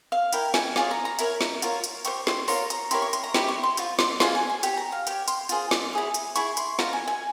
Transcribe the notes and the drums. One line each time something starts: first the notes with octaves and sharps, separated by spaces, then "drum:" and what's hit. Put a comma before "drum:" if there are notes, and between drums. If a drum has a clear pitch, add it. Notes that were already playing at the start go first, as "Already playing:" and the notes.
F5
E4 A#4 C#5 G5, drum: hi-hat
G#5, drum: snare
F4 G#4 C#5, drum: snare
A#5
A#5
E4 A#4 C#5, drum: hi-hat
drum: snare
F4 A#4 C#5, drum: hi-hat
drum: hi-hat
G4 C5 C#6, drum: hi-hat
C6, drum: snare
F4 A#4 C#5 C6, drum: open hi-hat
A#5, drum: hi-hat
E4 G4 A#4 C#5 C6, drum: hi-hat
C#6
C6, drum: hi-hat
A#5
E4 G4 C5 C6, drum: snare
C#6
C6
F4 C5 C#6, drum: hi-hat
C6, drum: snare
F4 G#4 C5 C6, drum: snare
G#5
G#5
G4 C#5 G5, drum: hi-hat
A#5
F5
G4 C#5 G5, drum: hi-hat
C6, drum: hi-hat
F4 G#4 C5, drum: hi-hat
drum: snare
E4 G#4 C#5
drum: hi-hat
E4 G#4 C#6, drum: hi-hat
C6, drum: hi-hat
F4 C5 A#5, drum: snare
G#5
G#5